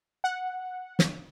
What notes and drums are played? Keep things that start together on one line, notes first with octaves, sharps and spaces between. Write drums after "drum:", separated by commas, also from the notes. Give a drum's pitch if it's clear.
F#5
drum: snare